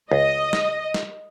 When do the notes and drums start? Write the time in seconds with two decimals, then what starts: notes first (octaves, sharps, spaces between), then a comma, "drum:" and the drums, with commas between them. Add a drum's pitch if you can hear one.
0.12 C#2 D#5
0.53 drum: snare
0.94 drum: snare